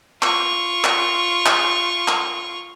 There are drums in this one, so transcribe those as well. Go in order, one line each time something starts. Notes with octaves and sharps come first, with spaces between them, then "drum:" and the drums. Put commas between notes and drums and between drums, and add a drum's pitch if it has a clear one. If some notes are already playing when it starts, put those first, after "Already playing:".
F4 C#6, drum: clap
drum: clap
drum: clap
drum: clap